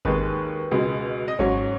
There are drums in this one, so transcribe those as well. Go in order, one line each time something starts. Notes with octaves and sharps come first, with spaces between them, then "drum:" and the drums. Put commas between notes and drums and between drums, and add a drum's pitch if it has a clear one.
D#2 D#3 G#3 B4, drum: kick G#1
C#2 B2 G#3
D#5
G#2 F#3 C#4 C#5, drum: kick G#1